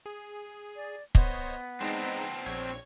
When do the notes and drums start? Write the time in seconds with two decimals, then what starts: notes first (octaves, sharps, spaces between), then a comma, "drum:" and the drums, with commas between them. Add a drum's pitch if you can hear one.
0.06 G#4
0.76 D5
1.15 B3 C5 C#5 D#5, drum: kick
1.81 G#3 C4 D4 D#4 A#5
2.46 A#1 C#5 G#6